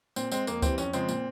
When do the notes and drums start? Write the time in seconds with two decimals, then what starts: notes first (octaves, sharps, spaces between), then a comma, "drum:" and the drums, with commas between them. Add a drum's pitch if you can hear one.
0.16 A#2 C4, drum: tambourine
0.32 G#3 C4, drum: tambourine
0.47 F2 A#3, drum: tambourine
0.62 E3 G3 C4, drum: kick C#2, tambourine
0.78 F2 C#4, drum: tambourine
0.93 C#3 F3 G#3 C4, drum: tambourine
1.09 A#2, drum: tambourine